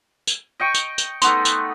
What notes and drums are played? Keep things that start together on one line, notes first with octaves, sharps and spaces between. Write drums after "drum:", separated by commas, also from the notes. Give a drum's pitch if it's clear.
drum: tambourine
D#5 G5 C#6
drum: tambourine
drum: tambourine
A3 B3 D#4 C6, drum: tambourine
drum: tambourine